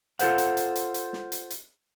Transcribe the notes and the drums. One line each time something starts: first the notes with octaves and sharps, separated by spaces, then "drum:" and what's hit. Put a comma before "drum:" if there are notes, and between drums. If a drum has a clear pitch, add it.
F4 A4 C5 F#5, drum: hi-hat
drum: hi-hat
drum: hi-hat
drum: hi-hat
drum: hi-hat
drum: snare
drum: hi-hat
drum: hi-hat